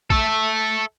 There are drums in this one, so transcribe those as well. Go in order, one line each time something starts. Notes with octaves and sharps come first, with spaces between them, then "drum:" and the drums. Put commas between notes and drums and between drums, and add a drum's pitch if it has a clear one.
A4 E5, drum: kick